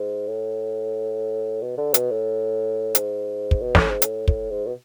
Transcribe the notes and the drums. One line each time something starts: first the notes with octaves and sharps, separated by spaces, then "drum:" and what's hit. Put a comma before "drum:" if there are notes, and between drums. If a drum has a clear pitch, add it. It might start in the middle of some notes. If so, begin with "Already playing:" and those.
Already playing: G#2
A2
B2
D3
B2, drum: hi-hat
A2
G#2, drum: hi-hat
drum: kick
B2
A2, drum: snare
G#2
A2, drum: hi-hat
A2, drum: kick
G#2
B2